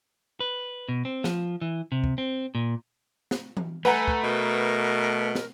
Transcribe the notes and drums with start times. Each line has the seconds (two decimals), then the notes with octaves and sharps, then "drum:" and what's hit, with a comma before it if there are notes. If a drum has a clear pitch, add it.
0.40 B4
0.89 B2
1.05 C4
1.24 F3, drum: snare
1.61 E3
1.92 C3
2.04 drum: kick
2.18 C4
2.55 A#2
3.31 drum: snare
3.57 drum: tom E3
3.85 A3 B4 F#5 G#5 A#5
4.08 drum: kick
4.23 B2 A#4
5.35 drum: snare